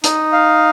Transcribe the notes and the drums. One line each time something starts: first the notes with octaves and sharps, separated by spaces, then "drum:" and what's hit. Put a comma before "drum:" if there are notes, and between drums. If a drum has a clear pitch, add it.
D#4, drum: hi-hat
F5